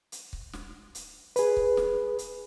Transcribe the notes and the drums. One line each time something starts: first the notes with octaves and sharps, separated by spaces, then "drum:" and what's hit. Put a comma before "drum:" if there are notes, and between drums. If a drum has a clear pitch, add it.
drum: hi-hat
drum: kick C#1
drum: snare
drum: hi-hat
G#4 B4, drum: hi-hat
drum: kick C#1
drum: snare
drum: hi-hat